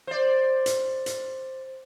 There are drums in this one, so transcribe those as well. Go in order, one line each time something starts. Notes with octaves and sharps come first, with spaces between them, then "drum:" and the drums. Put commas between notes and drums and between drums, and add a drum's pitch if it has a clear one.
C5 D5
drum: hi-hat
drum: hi-hat